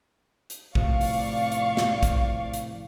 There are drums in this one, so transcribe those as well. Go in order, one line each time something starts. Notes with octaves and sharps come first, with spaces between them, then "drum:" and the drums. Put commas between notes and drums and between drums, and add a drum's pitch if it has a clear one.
drum: hi-hat
A2 C3 F3 D5 F5 C#6, drum: kick
drum: open hi-hat
drum: hi-hat
drum: snare
drum: kick, hi-hat
drum: hi-hat